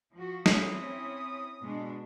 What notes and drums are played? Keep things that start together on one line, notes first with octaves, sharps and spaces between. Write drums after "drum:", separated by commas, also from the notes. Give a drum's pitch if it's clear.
F3 F#4
C4 C#4 E4 D#6, drum: snare
B2 G#3 D4